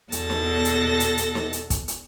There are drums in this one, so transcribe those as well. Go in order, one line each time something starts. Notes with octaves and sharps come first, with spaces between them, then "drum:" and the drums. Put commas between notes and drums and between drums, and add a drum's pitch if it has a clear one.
E2 B2 A4 A5 A#6, drum: hi-hat
drum: snare
drum: hi-hat
drum: hi-hat
drum: hi-hat
drum: snare
drum: hi-hat
drum: kick, hi-hat
drum: hi-hat